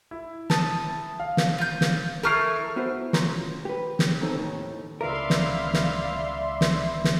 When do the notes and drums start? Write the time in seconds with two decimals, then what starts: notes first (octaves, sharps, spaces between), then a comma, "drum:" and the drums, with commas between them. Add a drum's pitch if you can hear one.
0.11 E4
0.50 A5 D#6, drum: snare
1.20 F5
1.37 drum: snare
1.58 F4 G6
1.81 drum: snare
2.23 A3 E4 A#4 C#6 F6 C7
2.76 B3 E4 F#4 C5
3.13 G#3 A3 C#4 F4 A#5 C6, drum: snare
3.65 G4 B4
3.99 drum: snare
4.21 D#3 G3 C4 C#4 D#4 A4
4.36 D#2 A2 D#3
5.01 C#2 A#4 D5 E5 F5 B5 C6
5.30 drum: snare
5.74 drum: snare
6.61 drum: snare
7.04 drum: snare